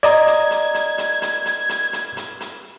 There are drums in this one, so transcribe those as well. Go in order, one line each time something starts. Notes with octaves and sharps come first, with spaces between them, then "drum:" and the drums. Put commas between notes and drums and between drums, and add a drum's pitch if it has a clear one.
D5 D#5 A#5 G#6, drum: hi-hat
drum: hi-hat
drum: hi-hat
drum: hi-hat
drum: hi-hat
drum: hi-hat
drum: hi-hat
drum: hi-hat
drum: hi-hat
drum: hi-hat
drum: hi-hat